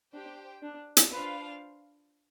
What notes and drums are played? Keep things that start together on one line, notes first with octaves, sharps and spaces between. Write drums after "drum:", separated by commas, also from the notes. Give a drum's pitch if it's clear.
D4 G4 C5 G5
D4
drum: hi-hat
D4 F4 B4 C5 F5